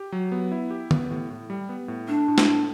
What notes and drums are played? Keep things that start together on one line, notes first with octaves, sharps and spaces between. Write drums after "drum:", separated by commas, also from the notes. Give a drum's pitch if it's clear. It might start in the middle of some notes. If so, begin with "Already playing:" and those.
Already playing: G4
F#3
B3
E4
G4
B3, drum: tom D#3
A2
A2
G3
B3
A2
A3 D4
A2
drum: snare
A2